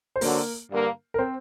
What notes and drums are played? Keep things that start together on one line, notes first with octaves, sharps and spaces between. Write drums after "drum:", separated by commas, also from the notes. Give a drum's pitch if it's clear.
C5
D3 F#3 A#3 C4 A#4, drum: open hi-hat
G2 D3 G3 A#3
A#4
C4 C5